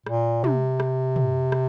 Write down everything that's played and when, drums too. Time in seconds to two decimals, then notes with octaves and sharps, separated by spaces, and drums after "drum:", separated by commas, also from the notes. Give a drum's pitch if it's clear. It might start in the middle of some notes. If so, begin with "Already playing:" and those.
0.06 A#2, drum: rim click
0.44 C3, drum: tom
0.80 drum: rim click
1.16 drum: tom
1.52 drum: rim click